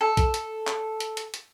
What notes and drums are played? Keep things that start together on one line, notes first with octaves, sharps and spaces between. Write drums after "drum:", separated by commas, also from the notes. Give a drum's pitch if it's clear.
A4
drum: kick A#1, hi-hat
drum: hi-hat
drum: clap
drum: hi-hat
drum: hi-hat
drum: hi-hat